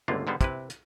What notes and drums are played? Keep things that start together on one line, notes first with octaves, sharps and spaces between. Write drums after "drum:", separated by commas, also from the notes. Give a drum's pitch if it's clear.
G1 C#2 D3 A3 A#3 F4
G#2 D3 G3 B3 C5
C3 E4 B4, drum: kick, hi-hat
drum: hi-hat